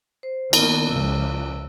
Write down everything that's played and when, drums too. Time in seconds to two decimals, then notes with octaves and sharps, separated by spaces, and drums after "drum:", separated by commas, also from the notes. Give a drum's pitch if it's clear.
0.23 C5
0.53 D#3 A#3 B3 C#4, drum: cymbal
0.89 C#2 C#3 F3 E6